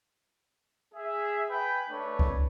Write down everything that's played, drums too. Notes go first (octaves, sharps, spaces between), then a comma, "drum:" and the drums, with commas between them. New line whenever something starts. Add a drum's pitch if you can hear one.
G#4 E5
B4 G5 G#5 B5
A3 D4 B4 C#5
drum: kick C#2